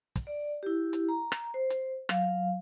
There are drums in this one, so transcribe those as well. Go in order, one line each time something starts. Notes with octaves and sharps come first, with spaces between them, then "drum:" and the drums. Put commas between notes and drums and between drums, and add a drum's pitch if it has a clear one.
drum: kick, hi-hat
D5
E4 G4
drum: hi-hat
A#5
drum: rim click
C5
drum: hi-hat
F#3 F5, drum: rim click